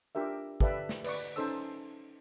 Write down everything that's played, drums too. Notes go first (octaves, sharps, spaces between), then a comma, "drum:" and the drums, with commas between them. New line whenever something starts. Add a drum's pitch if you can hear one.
D4 F4 G4 A#4 E5
G4 A4 B4 D5 E5 F5, drum: kick
drum: snare
B4 D5 C#6, drum: cymbal
C#4 D#4 A4 C5 A5 E6